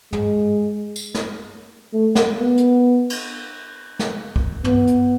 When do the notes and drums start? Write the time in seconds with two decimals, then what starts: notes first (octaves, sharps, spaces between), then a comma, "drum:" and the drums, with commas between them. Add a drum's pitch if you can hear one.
0.13 G#3, drum: tom
0.96 drum: tambourine
1.15 drum: snare
1.93 A3
2.15 drum: snare
2.39 B3
2.57 drum: hi-hat
3.10 drum: cymbal
3.99 drum: snare
4.36 drum: kick
4.64 B3, drum: tom
4.87 drum: hi-hat